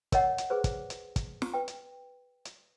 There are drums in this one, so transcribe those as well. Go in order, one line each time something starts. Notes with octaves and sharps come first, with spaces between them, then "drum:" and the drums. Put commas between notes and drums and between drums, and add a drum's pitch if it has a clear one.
A#4 C#5 D#5 F#5, drum: kick, hi-hat
drum: hi-hat
G#4 B4 C5
drum: kick, hi-hat
drum: hi-hat
drum: kick, hi-hat
drum: snare
B4 G5
drum: hi-hat
drum: hi-hat